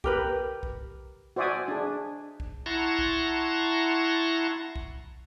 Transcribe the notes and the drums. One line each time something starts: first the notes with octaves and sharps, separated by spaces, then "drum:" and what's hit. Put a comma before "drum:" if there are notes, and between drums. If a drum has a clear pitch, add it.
G4 A#4 B4, drum: kick B1
drum: kick B1
F#4 C5 D5 E5 G#5 D#6
D4 G#4
drum: kick B1
E4 F#5 A5 A#5 C6 C#6
drum: kick B1
drum: kick B1